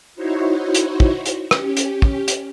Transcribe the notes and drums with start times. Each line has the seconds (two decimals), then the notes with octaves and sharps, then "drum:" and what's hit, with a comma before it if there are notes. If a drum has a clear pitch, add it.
0.15 D#4 E4 F#4 C5 C#5
0.74 drum: hi-hat
1.00 drum: kick
1.26 drum: hi-hat
1.51 C#4 G4, drum: rim click
1.77 drum: hi-hat
2.02 drum: kick
2.28 drum: hi-hat